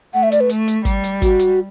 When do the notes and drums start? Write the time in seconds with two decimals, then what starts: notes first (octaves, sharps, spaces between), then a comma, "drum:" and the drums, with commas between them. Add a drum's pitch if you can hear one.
0.14 A3 F#5
0.23 E5
0.32 D5, drum: hi-hat
0.40 B4
0.49 A3, drum: hi-hat
0.68 drum: hi-hat
0.85 G3, drum: kick, hi-hat
1.04 drum: hi-hat
1.22 F#4, drum: kick, hi-hat
1.39 drum: hi-hat